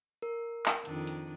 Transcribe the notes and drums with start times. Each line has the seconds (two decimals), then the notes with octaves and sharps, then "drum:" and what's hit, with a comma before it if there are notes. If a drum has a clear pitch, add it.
0.22 A#4
0.66 drum: clap
0.85 F2 D#3 D4, drum: hi-hat
1.07 drum: hi-hat